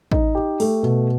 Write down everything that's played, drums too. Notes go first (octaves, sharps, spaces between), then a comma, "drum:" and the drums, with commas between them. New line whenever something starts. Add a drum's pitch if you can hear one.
D#4, drum: kick
G4
A3, drum: open hi-hat
B2